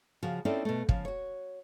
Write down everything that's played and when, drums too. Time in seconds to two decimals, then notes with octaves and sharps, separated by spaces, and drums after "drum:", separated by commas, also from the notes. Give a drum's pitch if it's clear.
0.23 C#3 F3 F#4
0.45 C4 C#4 D#4 E4 A4 D5
0.65 B2 A3
0.89 C#3 F3, drum: kick
1.05 F#4 C#5